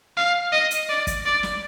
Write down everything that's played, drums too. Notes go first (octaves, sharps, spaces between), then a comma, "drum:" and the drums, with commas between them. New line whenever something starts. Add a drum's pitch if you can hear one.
F5
D#5
drum: hi-hat
D5
drum: kick, hi-hat
D5
drum: snare